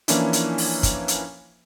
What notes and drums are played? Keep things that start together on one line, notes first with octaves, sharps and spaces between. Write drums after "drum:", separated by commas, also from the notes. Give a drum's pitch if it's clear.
E3 F3 A#3 C#4 D4 E4, drum: hi-hat
drum: hi-hat
drum: open hi-hat
drum: kick, hi-hat
drum: hi-hat